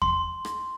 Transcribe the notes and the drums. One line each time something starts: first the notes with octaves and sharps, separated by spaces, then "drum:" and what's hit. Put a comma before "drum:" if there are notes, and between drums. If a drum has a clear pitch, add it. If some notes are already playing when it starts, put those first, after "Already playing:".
C6, drum: kick E2
drum: rim click